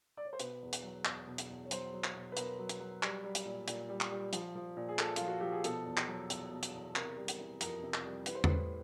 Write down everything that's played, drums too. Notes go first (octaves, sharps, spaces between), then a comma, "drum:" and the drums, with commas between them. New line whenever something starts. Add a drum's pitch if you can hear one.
D5
C#5
C5
B2 B4, drum: hi-hat
E2
drum: hi-hat
F#3
E2, drum: clap
B2
drum: hi-hat
E2
C#5
F#3 C5, drum: hi-hat
F#3
drum: clap
B2
B4
B2 A#4, drum: hi-hat
F#3
drum: hi-hat
F#3
G3, drum: clap
G3
drum: hi-hat
A#2
A#2, drum: hi-hat
G3
drum: clap
G3
F3, drum: hi-hat
F3
A#2
G#4
A#2 A4, drum: clap
F3 F4, drum: hi-hat
F#4
F3 G4
G#4
B2 A4, drum: hi-hat
E2
drum: clap
F#3
E2, drum: hi-hat
B2
drum: hi-hat
E2
C3 A#4, drum: clap
G3
drum: hi-hat
E3
F2 A#4, drum: hi-hat
C3
drum: clap
G3
E3 B4, drum: hi-hat
C5
A2 B4, drum: tom E2